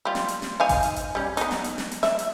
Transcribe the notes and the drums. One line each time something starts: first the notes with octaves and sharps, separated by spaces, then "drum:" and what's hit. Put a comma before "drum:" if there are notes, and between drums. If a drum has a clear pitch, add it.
G3 F4
drum: snare
drum: hi-hat
drum: snare
D#4 F5 G#5
drum: kick G#1, open hi-hat
drum: hi-hat
drum: hi-hat
G3 C#4
B3 D#4, drum: hi-hat
drum: snare
drum: hi-hat
drum: snare
drum: hi-hat
E5, drum: snare
drum: hi-hat